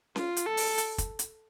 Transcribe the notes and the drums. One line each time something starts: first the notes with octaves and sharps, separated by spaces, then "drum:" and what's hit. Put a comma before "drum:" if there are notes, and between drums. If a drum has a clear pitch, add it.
F4, drum: snare C#4
drum: hi-hat
A4
drum: open hi-hat
drum: hi-hat
drum: kick, hi-hat
drum: hi-hat